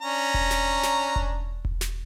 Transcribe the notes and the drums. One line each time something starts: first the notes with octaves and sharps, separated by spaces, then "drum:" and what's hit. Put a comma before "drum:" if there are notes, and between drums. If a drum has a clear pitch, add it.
C#4 D4 A#5
drum: kick E1
drum: snare
drum: snare
drum: kick E1
drum: kick E1
drum: snare